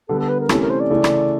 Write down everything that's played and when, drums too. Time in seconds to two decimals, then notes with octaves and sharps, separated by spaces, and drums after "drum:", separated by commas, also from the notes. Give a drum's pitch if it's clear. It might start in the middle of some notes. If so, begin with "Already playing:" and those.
0.09 D3 G3 B3 A4
0.19 A4
0.29 B4
0.40 A#4
0.49 C3 E3 A3 C#4 A4, drum: rim click
0.60 A#4
0.70 C5
0.80 D5
0.90 C#3 E3 A3
1.04 drum: rim click